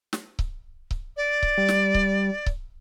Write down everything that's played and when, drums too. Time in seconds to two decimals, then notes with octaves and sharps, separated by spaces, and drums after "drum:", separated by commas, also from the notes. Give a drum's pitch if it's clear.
0.13 drum: snare
0.39 drum: kick C#1
0.91 drum: kick C#1
1.17 D5
1.43 drum: kick C#1
1.58 G3
1.68 drum: snare
1.94 drum: kick C#1
2.46 drum: kick C#1